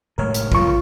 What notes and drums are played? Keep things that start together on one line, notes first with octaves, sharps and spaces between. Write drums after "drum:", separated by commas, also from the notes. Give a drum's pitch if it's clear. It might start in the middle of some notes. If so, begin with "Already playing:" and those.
F1 A2 G#3 A#4 C#5 F6
drum: hi-hat
C#2 F#2 A#2 F4 C#6, drum: kick